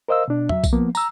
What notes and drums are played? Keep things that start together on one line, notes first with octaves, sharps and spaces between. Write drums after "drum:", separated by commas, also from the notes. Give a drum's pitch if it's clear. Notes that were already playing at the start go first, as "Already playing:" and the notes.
A#4 C5 D#5 F5 E6
B2 D4
F#3 E5, drum: tom
drum: kick B1, tambourine
F3 A#3 B3
A#5 E6, drum: tambourine